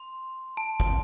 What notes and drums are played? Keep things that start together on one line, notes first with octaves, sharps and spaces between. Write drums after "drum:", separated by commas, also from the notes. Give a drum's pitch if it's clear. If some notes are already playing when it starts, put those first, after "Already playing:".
Already playing: C6
A5
drum: kick